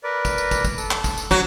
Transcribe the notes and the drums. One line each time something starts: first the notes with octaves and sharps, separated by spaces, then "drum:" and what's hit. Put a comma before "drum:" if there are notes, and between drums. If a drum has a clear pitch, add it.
A#4 B4 D5
drum: kick, tambourine
drum: tambourine
drum: kick, tambourine
drum: kick, tambourine
A4, drum: tambourine
drum: clap
drum: kick, tambourine
drum: tambourine
F#3, drum: kick, tambourine